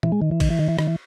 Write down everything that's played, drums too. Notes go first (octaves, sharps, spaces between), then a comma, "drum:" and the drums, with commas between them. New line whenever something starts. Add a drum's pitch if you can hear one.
E3, drum: tom A#2
G#3
D#3
E3
D#3, drum: kick, cymbal
E3
D#3
E3
D#3, drum: rim click
E3